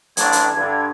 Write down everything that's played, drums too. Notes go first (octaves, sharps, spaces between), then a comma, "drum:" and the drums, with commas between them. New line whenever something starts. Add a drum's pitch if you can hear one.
A1 D4 G#6, drum: hi-hat
drum: hi-hat
G2 D3